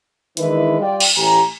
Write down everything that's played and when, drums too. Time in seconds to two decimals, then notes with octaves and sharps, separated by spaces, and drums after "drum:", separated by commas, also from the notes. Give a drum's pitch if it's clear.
0.37 D#3 E3 G#3 D4 E4 B4, drum: hi-hat
0.80 G3 F4 D5 G5
1.00 drum: cymbal
1.16 A1 A2 G4 G#5 A#5